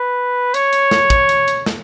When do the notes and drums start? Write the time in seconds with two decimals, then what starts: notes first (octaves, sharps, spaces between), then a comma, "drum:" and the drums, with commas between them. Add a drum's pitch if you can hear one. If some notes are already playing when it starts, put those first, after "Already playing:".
Already playing: B4
0.54 C#5, drum: hi-hat
0.73 drum: hi-hat
0.91 drum: snare
1.10 drum: kick, hi-hat
1.29 drum: hi-hat
1.48 drum: hi-hat
1.66 drum: snare